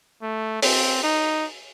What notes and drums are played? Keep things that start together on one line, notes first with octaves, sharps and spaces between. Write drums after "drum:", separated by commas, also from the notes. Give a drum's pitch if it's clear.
A3
C4, drum: open hi-hat
D#4